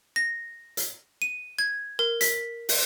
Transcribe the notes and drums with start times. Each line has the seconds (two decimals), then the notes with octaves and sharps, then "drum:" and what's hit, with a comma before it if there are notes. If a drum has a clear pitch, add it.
0.16 A#6
0.77 drum: hi-hat
1.22 D#7
1.59 G#6
1.99 A#4
2.21 B6, drum: hi-hat
2.69 drum: open hi-hat